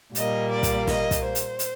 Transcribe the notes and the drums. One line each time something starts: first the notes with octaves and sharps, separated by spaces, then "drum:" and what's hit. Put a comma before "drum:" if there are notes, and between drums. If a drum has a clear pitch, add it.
A#2 G3 A#3 D#5, drum: hi-hat
D5
drum: kick, hi-hat
D#5, drum: snare
drum: kick, hi-hat
C5
drum: hi-hat
drum: hi-hat